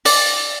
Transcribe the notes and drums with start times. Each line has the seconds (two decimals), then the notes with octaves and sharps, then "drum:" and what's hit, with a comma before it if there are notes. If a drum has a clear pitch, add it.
0.05 D5, drum: open hi-hat